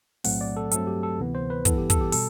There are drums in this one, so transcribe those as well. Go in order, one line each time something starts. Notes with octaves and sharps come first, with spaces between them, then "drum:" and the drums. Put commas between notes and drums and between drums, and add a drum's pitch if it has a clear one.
B1 A2 F#3 A3 C4 F#5, drum: open hi-hat
D5
A4
G2 F#3 A3 C4 A4, drum: hi-hat
G4
A4
D2 C3 E3 B3
C5
B4
G2 E3 B3 A4, drum: kick, hi-hat
G4
A4, drum: kick, hi-hat
G4
B2 G3 A4, drum: open hi-hat